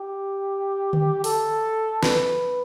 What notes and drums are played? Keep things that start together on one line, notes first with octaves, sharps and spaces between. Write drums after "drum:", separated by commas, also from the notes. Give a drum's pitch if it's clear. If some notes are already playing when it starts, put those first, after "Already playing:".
Already playing: G4
drum: tom D3
A4, drum: open hi-hat
B4, drum: snare